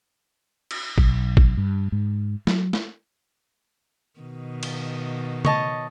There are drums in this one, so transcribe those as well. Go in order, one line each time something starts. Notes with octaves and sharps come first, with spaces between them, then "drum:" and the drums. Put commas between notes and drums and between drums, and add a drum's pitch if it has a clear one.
drum: cymbal
B1, drum: kick A1
drum: kick A1
G2
G#2
F#3, drum: snare
drum: snare
B2 D#3
drum: cymbal
C#5 D#5 A5, drum: tom C#3